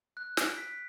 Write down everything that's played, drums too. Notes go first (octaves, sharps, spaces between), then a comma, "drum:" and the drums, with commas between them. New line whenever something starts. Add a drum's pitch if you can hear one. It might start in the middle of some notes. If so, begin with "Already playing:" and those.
F#6
D7, drum: snare
B6